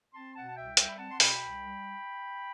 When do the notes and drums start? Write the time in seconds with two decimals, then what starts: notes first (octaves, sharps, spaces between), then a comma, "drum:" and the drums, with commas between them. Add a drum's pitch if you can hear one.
0.14 C4 A5 C6
0.35 B2 F#5 A5
0.49 A5
0.56 C2 E5 G5
0.77 G3 E5 G5, drum: hi-hat
0.89 B5
0.98 C4 F#5 A5
1.10 C6
1.20 B2 G5 B5, drum: open hi-hat
1.41 C2
1.62 G3